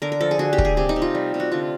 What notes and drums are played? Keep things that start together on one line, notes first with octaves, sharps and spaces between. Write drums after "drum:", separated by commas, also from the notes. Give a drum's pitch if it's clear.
D3 A#4
A#4
F3 A4
G#4
D3 F#4
G4
A3, drum: kick
G#4
C3 G4
D#4
C3
F4
G3
C3
F#4
D3 F4